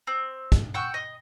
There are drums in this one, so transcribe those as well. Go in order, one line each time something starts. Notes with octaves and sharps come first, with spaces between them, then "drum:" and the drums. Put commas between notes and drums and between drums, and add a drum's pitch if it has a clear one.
C4
drum: kick, hi-hat
F#5 G5 C#6 E6
D#5